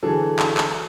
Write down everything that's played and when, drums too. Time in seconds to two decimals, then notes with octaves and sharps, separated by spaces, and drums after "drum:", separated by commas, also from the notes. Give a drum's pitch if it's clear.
0.03 D3 E3 F#3 G#4 A4
0.39 drum: clap
0.58 drum: clap